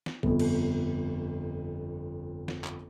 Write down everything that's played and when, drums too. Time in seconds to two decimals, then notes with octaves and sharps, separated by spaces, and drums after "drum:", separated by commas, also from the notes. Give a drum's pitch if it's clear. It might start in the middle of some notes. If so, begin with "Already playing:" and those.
0.06 drum: snare
0.23 G1 F2, drum: kick
0.39 drum: cymbal
2.48 drum: snare
2.64 drum: clap